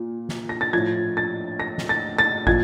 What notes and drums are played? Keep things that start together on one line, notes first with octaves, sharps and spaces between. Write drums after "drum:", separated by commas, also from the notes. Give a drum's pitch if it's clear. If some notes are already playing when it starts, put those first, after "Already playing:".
Already playing: A#2
drum: snare
A#6
A6
A2 F3 G#6
A6
A#6
drum: snare
A6
A6
A#2 F3 G#6, drum: kick